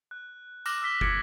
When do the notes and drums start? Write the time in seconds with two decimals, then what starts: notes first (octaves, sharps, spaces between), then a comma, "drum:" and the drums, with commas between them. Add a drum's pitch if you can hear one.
0.11 F#6
0.66 D6 F6 F#6 A#6 E7 F#7, drum: tambourine
0.82 E6 F6 B6 G7
1.01 D6 F6 G#6 A6 C#7 D7, drum: kick